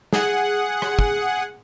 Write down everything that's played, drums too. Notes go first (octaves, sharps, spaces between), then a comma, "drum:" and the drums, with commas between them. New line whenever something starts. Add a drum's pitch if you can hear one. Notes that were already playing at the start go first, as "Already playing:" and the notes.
G#4 F#5, drum: snare
drum: rim click
drum: kick